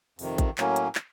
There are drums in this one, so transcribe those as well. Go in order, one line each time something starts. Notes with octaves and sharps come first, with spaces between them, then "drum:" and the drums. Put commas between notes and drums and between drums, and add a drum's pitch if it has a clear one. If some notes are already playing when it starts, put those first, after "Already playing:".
F2 C3 D#3, drum: open hi-hat
drum: kick A1, hi-hat
A2 F#3 A#3 C#4, drum: clap
drum: hi-hat
drum: clap